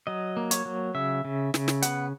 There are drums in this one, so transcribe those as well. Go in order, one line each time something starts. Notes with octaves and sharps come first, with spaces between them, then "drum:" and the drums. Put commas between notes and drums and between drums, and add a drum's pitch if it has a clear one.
F#3 D#5
A#3
C#5, drum: hi-hat
F#3
C#3 E5
C#3
C#3, drum: snare
drum: snare
B3 F#5, drum: hi-hat